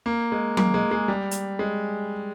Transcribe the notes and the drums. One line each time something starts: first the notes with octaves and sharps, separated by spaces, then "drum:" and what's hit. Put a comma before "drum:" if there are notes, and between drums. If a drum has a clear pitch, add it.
A#3
G#3
A#3, drum: tom F#3
G#3
G#3
G3
drum: hi-hat
G#3